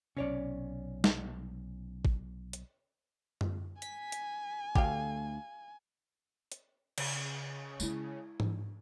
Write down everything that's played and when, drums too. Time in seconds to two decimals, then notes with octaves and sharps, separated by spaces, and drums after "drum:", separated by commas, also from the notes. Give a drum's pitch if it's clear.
0.17 B1 C3 C#4 C#5 D5
1.04 drum: snare
2.05 drum: kick G#1
2.53 drum: hi-hat
3.41 drum: tom F#2
3.82 G#5 B6, drum: hi-hat
4.12 drum: hi-hat
4.75 D2 G4 F5, drum: kick G#1
6.52 drum: hi-hat
6.98 C#3, drum: cymbal
7.80 G#3 E4, drum: tambourine
8.40 drum: tom G#2